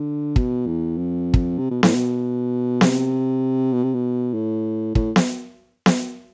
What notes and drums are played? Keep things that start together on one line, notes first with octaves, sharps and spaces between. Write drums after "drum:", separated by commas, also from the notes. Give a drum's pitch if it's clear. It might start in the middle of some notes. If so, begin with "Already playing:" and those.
Already playing: D3
B2, drum: kick
E2
F2
drum: kick
C3
B2
A2, drum: snare B3
B2
C3, drum: snare B3
B2
C3
B2
A2
A2, drum: kick
drum: snare B3
drum: snare B3